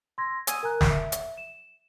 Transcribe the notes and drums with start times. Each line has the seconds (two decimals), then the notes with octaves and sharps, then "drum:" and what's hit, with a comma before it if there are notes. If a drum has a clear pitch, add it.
0.18 C6 E6 G#6 A#6
0.47 G#5 D#6 E6 G#6 D#7, drum: hi-hat
0.63 A#4 G#5 A#5 F#6
0.81 drum: snare
0.90 E5
1.12 drum: hi-hat
1.37 E7